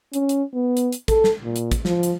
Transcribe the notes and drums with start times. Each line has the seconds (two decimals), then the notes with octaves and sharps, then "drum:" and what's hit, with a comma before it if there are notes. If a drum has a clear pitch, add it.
0.13 C#4, drum: hi-hat
0.29 drum: hi-hat
0.54 B3
0.77 drum: hi-hat
0.92 drum: hi-hat
1.08 A4, drum: kick, hi-hat
1.24 drum: snare
1.44 A#2
1.56 drum: hi-hat
1.71 drum: kick, hi-hat
1.85 F3, drum: snare
2.03 drum: hi-hat